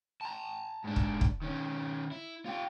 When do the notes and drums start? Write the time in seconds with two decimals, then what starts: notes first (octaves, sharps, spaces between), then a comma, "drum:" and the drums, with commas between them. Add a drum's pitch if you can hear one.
0.21 A5 A#5
0.84 G#2 D4
0.96 drum: kick
1.21 drum: kick
1.42 D#3 C#4
2.11 E4
2.46 F4 G4